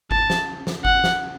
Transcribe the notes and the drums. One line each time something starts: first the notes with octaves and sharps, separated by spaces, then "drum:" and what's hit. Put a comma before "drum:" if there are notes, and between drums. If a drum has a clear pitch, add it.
A5, drum: kick G1
drum: snare
drum: snare
F#5, drum: kick G1
drum: snare